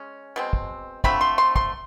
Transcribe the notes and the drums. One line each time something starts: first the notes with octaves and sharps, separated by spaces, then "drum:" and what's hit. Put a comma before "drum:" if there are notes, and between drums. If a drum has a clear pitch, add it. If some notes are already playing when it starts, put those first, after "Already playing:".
Already playing: G#3 C#4
B2 G#3 C4
drum: kick
D3 F3 A3 C4 B5, drum: kick
C6
C6
C6, drum: kick